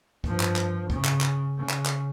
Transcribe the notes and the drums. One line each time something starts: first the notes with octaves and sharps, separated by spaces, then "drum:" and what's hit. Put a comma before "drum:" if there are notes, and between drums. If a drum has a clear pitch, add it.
G2 F3, drum: kick
drum: clap
drum: clap
C#3, drum: kick
drum: clap
drum: clap
C#3
drum: clap
drum: clap